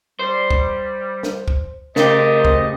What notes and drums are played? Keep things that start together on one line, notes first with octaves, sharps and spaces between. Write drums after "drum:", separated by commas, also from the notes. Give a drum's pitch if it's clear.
G3 C5
drum: kick
drum: snare
drum: kick
C#3 A3 G4 A#4 C5 D#5, drum: snare
drum: kick